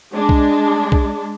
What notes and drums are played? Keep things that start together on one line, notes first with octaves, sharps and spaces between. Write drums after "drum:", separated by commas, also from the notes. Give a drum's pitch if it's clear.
G#3 D4
drum: kick B1
drum: kick B1